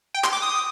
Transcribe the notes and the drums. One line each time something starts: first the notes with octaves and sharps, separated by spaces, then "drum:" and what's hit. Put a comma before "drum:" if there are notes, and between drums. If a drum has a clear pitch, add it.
G5
C6, drum: clap
D6
D#6